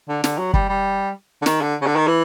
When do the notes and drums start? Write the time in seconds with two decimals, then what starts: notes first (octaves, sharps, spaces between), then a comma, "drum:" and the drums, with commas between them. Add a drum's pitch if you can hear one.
0.09 D3
0.24 D3, drum: snare
0.38 F#3
0.54 G3, drum: kick
0.69 G3
1.42 D3
1.46 D#3, drum: snare
1.61 D3
1.82 C#3
1.86 D3
1.96 D#3
2.07 E3